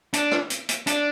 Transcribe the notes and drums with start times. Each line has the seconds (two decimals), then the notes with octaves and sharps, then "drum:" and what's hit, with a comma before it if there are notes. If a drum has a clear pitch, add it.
0.13 D4, drum: hi-hat
0.31 drum: rim click
0.50 drum: hi-hat
0.69 drum: hi-hat
0.87 D4, drum: hi-hat